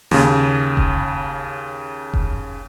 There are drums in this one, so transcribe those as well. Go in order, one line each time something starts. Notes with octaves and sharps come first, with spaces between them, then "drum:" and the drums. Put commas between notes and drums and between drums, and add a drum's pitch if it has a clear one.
D#2 C#3, drum: snare
drum: kick F1
drum: kick F1